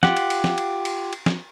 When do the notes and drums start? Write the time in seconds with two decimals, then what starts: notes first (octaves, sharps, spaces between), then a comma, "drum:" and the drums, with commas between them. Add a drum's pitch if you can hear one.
0.03 F4 G4 F#5, drum: snare
0.17 drum: cymbal
0.30 drum: cymbal
0.44 drum: snare
0.58 drum: cymbal
0.85 drum: cymbal
1.13 drum: cymbal
1.26 drum: snare